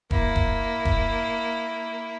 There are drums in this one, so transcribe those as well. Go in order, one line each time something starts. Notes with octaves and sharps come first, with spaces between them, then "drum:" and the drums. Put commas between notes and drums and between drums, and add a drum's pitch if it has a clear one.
A#3 E4, drum: kick E1
drum: kick E1
drum: kick E1